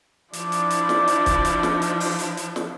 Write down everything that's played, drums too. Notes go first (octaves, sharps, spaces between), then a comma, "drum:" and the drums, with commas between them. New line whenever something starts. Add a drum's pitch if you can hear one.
F3 D4 E4 D5, drum: hi-hat
drum: hi-hat
drum: hi-hat
drum: snare
drum: hi-hat
drum: kick C#1, hi-hat
drum: hi-hat
drum: snare
drum: hi-hat
drum: open hi-hat
drum: hi-hat
drum: hi-hat
drum: snare